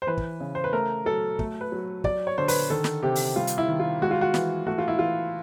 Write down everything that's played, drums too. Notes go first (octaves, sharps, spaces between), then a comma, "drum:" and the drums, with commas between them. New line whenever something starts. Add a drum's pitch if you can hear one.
C5
E3 B4
drum: kick
C#3
C5
B4
A3 A#4
F#3 A4
A3, drum: kick
B4
F#3
F#3 D5, drum: kick
C#5
D3 C5
B4, drum: open hi-hat
D#3 A4
drum: snare
C3 G4
drum: open hi-hat
G3 F4
drum: hi-hat
E4
D#3
F4
G#3 F#4
F4
F#4
E3, drum: snare
A3 F#4
F4
E4
E3 F4